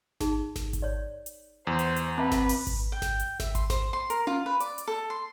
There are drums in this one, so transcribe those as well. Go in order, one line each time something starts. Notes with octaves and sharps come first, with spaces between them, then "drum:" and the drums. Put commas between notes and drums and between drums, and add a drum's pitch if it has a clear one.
D#4 G#4, drum: snare G#1
drum: snare G#1
drum: kick G#1, hi-hat
C#5 D5
drum: hi-hat
E2 C5
drum: hi-hat
drum: hi-hat
C4 B4 E5 A5
drum: snare G#1
drum: open hi-hat
drum: kick G#1, hi-hat
G5
drum: snare G#1
drum: hi-hat
E5, drum: snare G#1
C6, drum: kick G#1, hi-hat
C5, drum: snare G#1
C6
A#4, drum: hi-hat
F4, drum: tom C#4
B4
D5, drum: hi-hat
drum: hi-hat
A4
C6